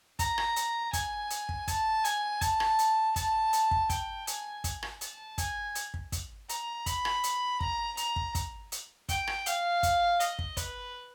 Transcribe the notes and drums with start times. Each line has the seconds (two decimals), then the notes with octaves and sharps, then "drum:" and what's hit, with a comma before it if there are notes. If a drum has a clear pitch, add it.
0.19 A#5, drum: kick, hi-hat
0.38 drum: rim click
0.56 drum: hi-hat
0.93 G#5, drum: kick, hi-hat
1.30 drum: hi-hat
1.49 drum: kick
1.68 A5, drum: kick, hi-hat
2.05 G#5, drum: hi-hat
2.41 A5, drum: kick, hi-hat
2.60 drum: rim click
2.79 drum: hi-hat
3.16 A5, drum: kick, hi-hat
3.53 drum: hi-hat
3.71 drum: kick
3.90 G5, drum: kick, hi-hat
4.27 G#5, drum: hi-hat
4.64 drum: kick, hi-hat
4.83 drum: rim click
5.01 A5, drum: hi-hat
5.38 G#5, drum: kick, hi-hat
5.75 drum: hi-hat
5.94 drum: kick
6.12 drum: kick, hi-hat
6.49 A#5, drum: hi-hat
6.86 B5, drum: kick, hi-hat
7.05 drum: rim click
7.24 drum: hi-hat
7.61 A#5, drum: kick
7.97 A#5, drum: hi-hat
8.16 drum: kick
8.35 drum: kick, hi-hat
8.72 drum: hi-hat
9.09 G5, drum: kick, hi-hat
9.27 drum: rim click
9.46 F5, drum: hi-hat
9.83 drum: kick, hi-hat
10.20 D#5, drum: hi-hat
10.39 drum: kick
10.57 B4, drum: kick, hi-hat